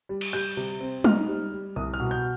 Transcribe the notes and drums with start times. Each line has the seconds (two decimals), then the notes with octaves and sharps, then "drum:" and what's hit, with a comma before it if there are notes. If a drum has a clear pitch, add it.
0.09 G3
0.21 drum: cymbal
0.33 G3 G6
0.57 C3
0.81 C4
1.04 D#4 F6, drum: tom G3
1.28 G3
1.52 G3
1.76 C2 D#6
1.94 F6
2.00 B2
2.11 G6